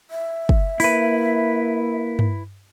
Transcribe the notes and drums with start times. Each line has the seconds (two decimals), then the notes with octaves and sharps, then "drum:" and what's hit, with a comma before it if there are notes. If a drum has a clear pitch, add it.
0.10 E5
0.49 drum: kick
0.80 A#3 E4 B4, drum: open hi-hat
2.19 drum: tom G2